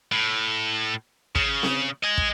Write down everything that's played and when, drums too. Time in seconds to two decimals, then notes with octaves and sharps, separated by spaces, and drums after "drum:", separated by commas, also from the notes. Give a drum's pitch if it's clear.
0.12 A2
1.35 C#3, drum: kick
1.63 drum: snare C4
2.04 D#5 G#5
2.18 drum: kick